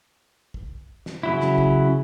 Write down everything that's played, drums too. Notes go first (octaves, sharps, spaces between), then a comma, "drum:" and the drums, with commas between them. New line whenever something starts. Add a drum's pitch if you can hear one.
drum: kick
drum: snare
C#3 F#3 E4
drum: snare
drum: kick